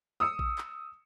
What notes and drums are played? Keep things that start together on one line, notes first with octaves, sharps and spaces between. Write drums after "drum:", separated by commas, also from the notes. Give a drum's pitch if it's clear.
D#6 E6 C#7
drum: kick A#1
drum: clap